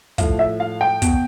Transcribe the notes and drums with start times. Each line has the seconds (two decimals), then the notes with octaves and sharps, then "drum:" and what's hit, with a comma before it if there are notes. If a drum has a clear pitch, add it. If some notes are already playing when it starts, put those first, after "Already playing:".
0.18 A2 F3 F5, drum: kick, hi-hat
0.39 E5
0.60 F5
0.81 G5
1.02 B2, drum: kick, hi-hat